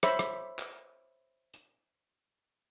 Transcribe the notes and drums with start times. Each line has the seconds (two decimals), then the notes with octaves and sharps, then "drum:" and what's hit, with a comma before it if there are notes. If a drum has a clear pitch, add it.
0.03 C5 C#5 E5 B5, drum: rim click
0.19 drum: rim click
0.59 drum: clap
1.54 drum: tambourine